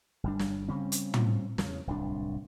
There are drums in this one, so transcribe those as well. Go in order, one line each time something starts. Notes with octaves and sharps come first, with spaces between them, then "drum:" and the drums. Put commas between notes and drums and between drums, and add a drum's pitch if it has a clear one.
G1 G3 D4
drum: snare
C#3 G3 C4 C#4
drum: hi-hat
drum: tom
E2 C#3, drum: snare
D1 C2 D4